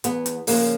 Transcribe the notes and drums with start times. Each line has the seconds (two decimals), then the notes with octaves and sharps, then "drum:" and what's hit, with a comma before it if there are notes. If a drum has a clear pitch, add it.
0.04 E2 B3, drum: hi-hat
0.26 drum: hi-hat
0.47 C#3 F3 A#3, drum: open hi-hat